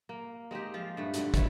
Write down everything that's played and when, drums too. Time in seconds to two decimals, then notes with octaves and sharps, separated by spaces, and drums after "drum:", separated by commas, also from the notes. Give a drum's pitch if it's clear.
0.09 A#3
0.51 G#3 C4 D#4 G4
0.74 F3 F4
0.97 G2 A3 B4
1.14 G#2 B2 D3, drum: hi-hat
1.34 A3 A4 B4 C#5, drum: kick, hi-hat